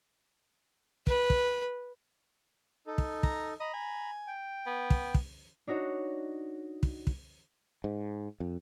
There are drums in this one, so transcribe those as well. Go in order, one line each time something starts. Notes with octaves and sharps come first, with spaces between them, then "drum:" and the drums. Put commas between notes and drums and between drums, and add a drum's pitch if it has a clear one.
B4, drum: kick
drum: kick
D#4 A4
drum: kick
A#5, drum: kick
D#5 A#5 B5
G#5
G5
B3
drum: kick
drum: kick
D4 D#4 F#4 C#5
drum: kick
drum: kick
G#2
F2